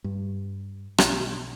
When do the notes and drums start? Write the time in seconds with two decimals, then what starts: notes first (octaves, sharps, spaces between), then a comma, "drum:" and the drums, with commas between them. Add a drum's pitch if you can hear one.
0.04 G2
0.98 B1, drum: rim click